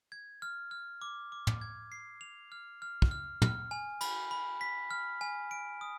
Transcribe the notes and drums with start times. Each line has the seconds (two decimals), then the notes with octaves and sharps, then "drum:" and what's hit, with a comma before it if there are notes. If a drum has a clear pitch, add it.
0.12 G#6
0.42 F6
0.71 F6
1.02 D6
1.32 D6
1.47 drum: tom
1.61 G#6
1.92 C7
2.21 F7
2.52 F6
2.82 F6
3.02 drum: kick
3.11 F6
3.42 F6, drum: tom
3.71 G#5
4.01 B5, drum: cymbal
4.31 B5
4.61 B6
4.91 F6
5.21 G#5
5.51 D7
5.81 D#6